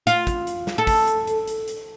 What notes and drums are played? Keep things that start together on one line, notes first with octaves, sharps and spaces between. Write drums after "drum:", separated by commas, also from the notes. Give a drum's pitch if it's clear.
F4, drum: hi-hat
drum: kick, hi-hat
drum: hi-hat
drum: snare
A4
drum: kick, open hi-hat
drum: hi-hat
drum: hi-hat
drum: hi-hat
drum: hi-hat